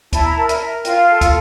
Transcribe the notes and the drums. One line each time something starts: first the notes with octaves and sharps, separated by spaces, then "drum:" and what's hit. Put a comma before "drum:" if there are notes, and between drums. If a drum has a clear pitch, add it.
E4 A5, drum: kick, hi-hat
A#5
A#4 A5
E5, drum: hi-hat
A#4
F4 G5, drum: hi-hat
A4 A5
drum: kick, hi-hat